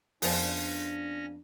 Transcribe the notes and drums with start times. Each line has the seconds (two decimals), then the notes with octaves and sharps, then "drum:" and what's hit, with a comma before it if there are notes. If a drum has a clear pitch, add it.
0.22 F2 F3 G#3 B3 C#4 D4 A#6, drum: open hi-hat